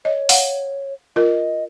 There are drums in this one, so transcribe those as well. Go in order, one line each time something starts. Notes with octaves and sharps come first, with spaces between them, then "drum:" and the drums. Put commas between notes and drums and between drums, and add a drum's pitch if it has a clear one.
C#5 D#5
F5 F#5, drum: open hi-hat
F4 A#4 D#5